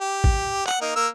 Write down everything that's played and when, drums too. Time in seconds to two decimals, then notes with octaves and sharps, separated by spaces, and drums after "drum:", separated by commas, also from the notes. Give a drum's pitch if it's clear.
0.01 G4
0.24 drum: kick A1
0.66 F#5, drum: clap
0.81 A#3 D#4
0.96 A#3 E6